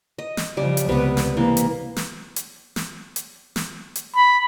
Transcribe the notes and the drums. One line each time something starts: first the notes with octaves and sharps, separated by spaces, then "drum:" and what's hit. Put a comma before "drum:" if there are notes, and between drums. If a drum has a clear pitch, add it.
D#5
drum: snare
C#3 F3 G3
drum: hi-hat
C#2 C3 B3 B4
drum: snare
E3 A#3
drum: hi-hat
drum: snare
drum: hi-hat
drum: snare
drum: hi-hat
drum: snare
drum: hi-hat
B5